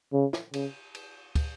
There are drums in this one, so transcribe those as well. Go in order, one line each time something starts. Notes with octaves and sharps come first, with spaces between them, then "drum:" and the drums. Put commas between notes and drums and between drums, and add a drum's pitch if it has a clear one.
C#3
drum: snare
C#3, drum: cymbal
drum: cymbal
drum: kick, cymbal